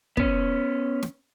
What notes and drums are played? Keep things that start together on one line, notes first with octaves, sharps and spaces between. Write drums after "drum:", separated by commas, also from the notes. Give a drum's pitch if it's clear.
B3 C#4, drum: kick
drum: snare